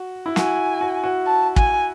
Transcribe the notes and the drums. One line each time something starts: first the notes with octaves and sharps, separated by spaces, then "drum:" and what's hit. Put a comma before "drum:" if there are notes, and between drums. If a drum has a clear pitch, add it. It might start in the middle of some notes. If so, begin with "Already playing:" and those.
Already playing: F#4
E4
F#4 G#5, drum: snare
F#4
F#4
A5
G#5, drum: kick